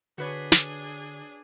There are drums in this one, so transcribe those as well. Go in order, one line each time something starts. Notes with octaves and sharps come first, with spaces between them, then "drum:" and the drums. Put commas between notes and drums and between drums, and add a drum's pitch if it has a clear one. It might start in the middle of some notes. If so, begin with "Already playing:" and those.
D3 D4 F#4 G#4 B4 C#5
drum: snare